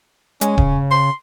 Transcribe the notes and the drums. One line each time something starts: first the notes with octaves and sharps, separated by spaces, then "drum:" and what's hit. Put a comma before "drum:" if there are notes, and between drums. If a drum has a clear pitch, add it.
G#3 C#4, drum: hi-hat
C#3, drum: kick D#1
C6